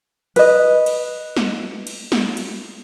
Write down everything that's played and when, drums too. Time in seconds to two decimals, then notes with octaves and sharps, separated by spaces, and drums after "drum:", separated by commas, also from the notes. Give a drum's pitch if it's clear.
0.36 B4 D#5, drum: cymbal
0.86 drum: cymbal
1.37 drum: snare
1.87 drum: cymbal
2.12 drum: snare
2.37 drum: cymbal